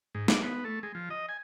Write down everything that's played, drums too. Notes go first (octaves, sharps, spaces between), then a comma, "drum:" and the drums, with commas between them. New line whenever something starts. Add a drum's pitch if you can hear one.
G#2
D6, drum: snare
B3
A3
G#3
F3
D#5
G#5